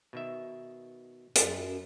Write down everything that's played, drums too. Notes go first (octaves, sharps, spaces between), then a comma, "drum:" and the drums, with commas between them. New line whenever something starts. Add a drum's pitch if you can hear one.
B2 D#3 E5
F#2, drum: hi-hat